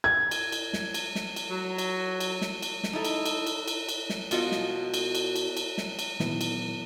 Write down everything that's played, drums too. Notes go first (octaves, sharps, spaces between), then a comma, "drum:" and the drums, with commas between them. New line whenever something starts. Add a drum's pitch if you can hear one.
G#6
drum: cymbal
drum: cymbal
drum: snare
drum: cymbal
drum: snare
drum: cymbal
F#3
drum: cymbal
drum: cymbal
drum: snare
drum: cymbal
drum: snare
D#4 E4 A4
drum: cymbal
drum: cymbal
drum: cymbal
drum: cymbal
drum: cymbal
drum: snare
B2 F4 D#5 F#5, drum: cymbal
drum: snare
drum: cymbal
drum: cymbal
drum: cymbal
drum: cymbal
drum: snare
drum: cymbal
A#2 D#3 E3 F#3 B3 E4, drum: snare
drum: cymbal